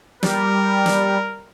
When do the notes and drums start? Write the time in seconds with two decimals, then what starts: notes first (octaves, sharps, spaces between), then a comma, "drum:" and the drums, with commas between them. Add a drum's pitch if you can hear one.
0.23 G3 A#4, drum: snare
0.86 drum: snare